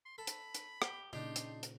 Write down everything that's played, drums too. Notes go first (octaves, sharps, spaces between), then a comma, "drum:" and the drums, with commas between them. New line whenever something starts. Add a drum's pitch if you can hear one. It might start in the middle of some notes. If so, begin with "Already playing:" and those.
C6
A4 B5
drum: hi-hat
drum: hi-hat
G4, drum: rim click
A#2 C#3 D4 D#4 G4 C6
drum: hi-hat
drum: hi-hat